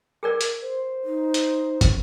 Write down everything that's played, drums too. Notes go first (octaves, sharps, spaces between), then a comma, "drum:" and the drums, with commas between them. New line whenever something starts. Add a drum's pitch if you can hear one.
G#4 A#4 D5
drum: hi-hat
C5
D#4
drum: hi-hat
drum: kick, hi-hat